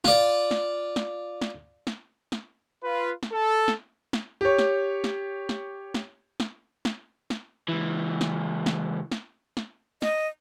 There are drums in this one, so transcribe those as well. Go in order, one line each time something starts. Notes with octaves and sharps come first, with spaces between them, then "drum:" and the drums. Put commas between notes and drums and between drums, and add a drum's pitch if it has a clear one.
F4 D5, drum: snare
drum: snare
drum: snare
drum: snare
drum: snare
drum: snare
F4 B4
drum: snare
A4
drum: snare
drum: snare
G4 C#5
drum: snare
drum: snare
drum: snare
drum: snare
drum: snare
drum: snare
drum: snare
C#2 E3
drum: snare
drum: snare
drum: snare
drum: snare
D#5, drum: snare